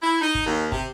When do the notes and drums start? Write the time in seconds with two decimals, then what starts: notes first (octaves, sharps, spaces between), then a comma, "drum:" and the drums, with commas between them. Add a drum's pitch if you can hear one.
0.01 E4
0.21 D#4
0.35 drum: kick
0.46 D#2
0.72 C3, drum: kick